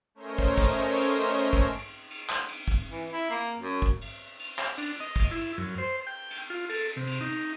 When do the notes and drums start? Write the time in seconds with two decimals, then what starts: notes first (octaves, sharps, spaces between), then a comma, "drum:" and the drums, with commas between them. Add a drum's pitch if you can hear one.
0.15 A3 C#4 A#4 C5 C#5 D#5
0.38 drum: kick
0.58 drum: kick, cymbal
0.96 drum: cymbal
1.53 drum: kick
1.72 drum: cymbal
2.10 drum: cymbal
2.29 drum: clap
2.48 drum: cymbal
2.68 drum: kick
2.91 E3
3.11 E4
3.30 A#3
3.59 F#2
3.82 drum: kick
4.01 drum: cymbal
4.39 drum: cymbal
4.58 drum: clap
4.78 D4, drum: cymbal
5.00 D#5
5.16 drum: kick, cymbal
5.31 E4
5.58 F#2
5.78 C5
6.07 G5
6.30 drum: cymbal
6.50 F4
6.69 A4, drum: cymbal
6.96 C3
7.07 drum: cymbal
7.21 D#4